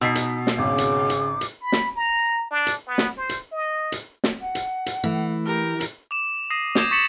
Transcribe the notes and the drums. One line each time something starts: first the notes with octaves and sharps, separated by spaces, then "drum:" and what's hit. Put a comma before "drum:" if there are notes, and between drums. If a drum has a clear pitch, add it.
B2 D#4 E6 B6 C7
drum: hi-hat
drum: snare
G#1 C#3 D6
drum: hi-hat
drum: hi-hat
drum: hi-hat
B5
drum: snare
A#5
D4
drum: hi-hat
B3
drum: snare
C5
drum: hi-hat
D#5
drum: hi-hat
drum: snare
F#5
drum: hi-hat
drum: hi-hat
E3 A3
G4 A#4
drum: hi-hat
D6 E7
D#6 A#6 C7 D#7
D6 D#6 G6 G#6 C7 E7, drum: snare
C#6 A6 B6 C#7 E7 F#7